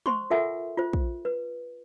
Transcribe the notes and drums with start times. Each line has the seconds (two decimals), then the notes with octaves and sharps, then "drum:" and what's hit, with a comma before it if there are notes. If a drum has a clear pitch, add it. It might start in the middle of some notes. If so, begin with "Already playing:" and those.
0.06 C5 C6 C#6, drum: tom G#3
0.30 F4 A4 A#4 E5 F#5 G#5
0.78 F4 C5
0.93 drum: kick
1.25 B4